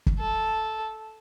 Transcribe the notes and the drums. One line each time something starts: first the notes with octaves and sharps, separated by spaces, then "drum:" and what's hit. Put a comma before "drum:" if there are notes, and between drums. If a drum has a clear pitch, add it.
drum: kick
A4